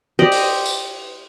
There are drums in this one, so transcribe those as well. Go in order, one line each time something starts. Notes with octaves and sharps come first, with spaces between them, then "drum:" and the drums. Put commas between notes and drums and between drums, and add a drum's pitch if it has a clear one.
G4 C5 D5 D#5
drum: open hi-hat
drum: tambourine